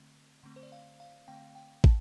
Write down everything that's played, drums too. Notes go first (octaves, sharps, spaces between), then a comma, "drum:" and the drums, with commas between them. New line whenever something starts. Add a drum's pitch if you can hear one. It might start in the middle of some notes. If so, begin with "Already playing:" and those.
Already playing: D3 A3 C4
D3 A3 C4
C5
D5
F5
F5
D3 A3 C4 G5
G5
A5, drum: kick